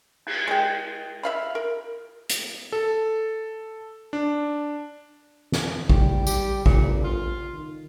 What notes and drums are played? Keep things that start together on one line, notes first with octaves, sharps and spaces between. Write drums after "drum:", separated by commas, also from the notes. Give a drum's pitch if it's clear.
drum: cymbal
G#3 G5
E5 F5 B5
A#4
drum: hi-hat
A4
D4
drum: snare
G3 G4, drum: kick A1
G4, drum: tambourine
G1 A#2, drum: kick A1
F4
D#3